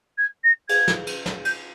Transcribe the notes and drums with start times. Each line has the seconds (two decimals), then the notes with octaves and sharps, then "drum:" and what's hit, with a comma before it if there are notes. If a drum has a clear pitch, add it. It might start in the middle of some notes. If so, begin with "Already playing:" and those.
0.18 G#6
0.44 A#6
0.69 G#6, drum: cymbal
0.88 drum: snare
1.07 drum: cymbal
1.26 drum: snare
1.45 G6, drum: cymbal